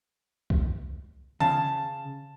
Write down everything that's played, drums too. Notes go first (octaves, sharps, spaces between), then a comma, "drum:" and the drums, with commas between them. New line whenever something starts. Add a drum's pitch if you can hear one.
drum: kick C2
C#3 A5, drum: tom D3